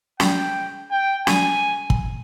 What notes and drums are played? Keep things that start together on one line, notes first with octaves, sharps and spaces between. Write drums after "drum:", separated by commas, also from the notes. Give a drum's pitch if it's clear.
G5, drum: snare
G5
G#5, drum: snare
drum: kick